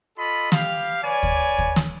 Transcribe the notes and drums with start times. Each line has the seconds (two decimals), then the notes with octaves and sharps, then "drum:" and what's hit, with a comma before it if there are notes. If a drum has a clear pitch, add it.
0.17 F4 A4 D#5 B5
0.52 G4 F5, drum: snare
1.03 B4 C#5 D5 G#5
1.23 drum: kick
1.58 drum: kick
1.76 drum: snare